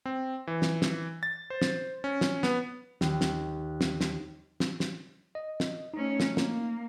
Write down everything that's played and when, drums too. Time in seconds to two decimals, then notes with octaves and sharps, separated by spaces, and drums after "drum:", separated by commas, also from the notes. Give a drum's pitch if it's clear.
0.06 C4
0.47 E3
0.62 drum: snare
0.82 drum: snare
1.23 A6
1.50 C5
1.62 drum: snare
2.04 C#4
2.21 drum: snare
2.43 B3, drum: snare
3.01 D#2, drum: snare
3.21 drum: snare
3.81 drum: snare
4.01 drum: snare
4.60 drum: snare
4.80 drum: snare
5.35 D#5
5.60 drum: snare
5.94 A3 C#4 D#4
6.20 drum: snare
6.37 A#3, drum: snare